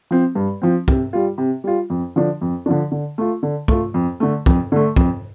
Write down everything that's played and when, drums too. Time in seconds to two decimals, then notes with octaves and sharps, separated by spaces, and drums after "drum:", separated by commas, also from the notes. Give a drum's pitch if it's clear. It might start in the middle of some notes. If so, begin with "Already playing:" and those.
0.11 F3 C4
0.35 G2
0.62 F3 C4
0.88 C3, drum: kick
1.13 G3 F4
1.38 C3
1.64 G3 F4
1.90 F2
2.16 D3 F3 D4
2.41 F2
2.66 D3 F3 D4
2.92 D3
3.18 A3 F4
3.43 D3
3.68 A3 F4, drum: kick
3.94 F2
4.20 D3 A3
4.46 F2, drum: kick
4.72 D3 A3
4.96 F2, drum: kick